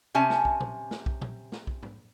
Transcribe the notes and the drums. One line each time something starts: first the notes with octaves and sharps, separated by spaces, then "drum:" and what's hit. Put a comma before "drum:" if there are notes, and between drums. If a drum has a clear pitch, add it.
C3 C#4 E5 G#5 A5
drum: snare
drum: kick B1
drum: tom A#2
drum: snare
drum: kick B1
drum: tom A#2
drum: snare
drum: kick B1
drum: tom G#2